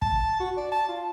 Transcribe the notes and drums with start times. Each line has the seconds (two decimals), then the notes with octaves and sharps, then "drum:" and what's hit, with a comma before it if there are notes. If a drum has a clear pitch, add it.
0.02 A5, drum: kick
0.40 F#4
0.57 D5
0.72 A5
0.89 F4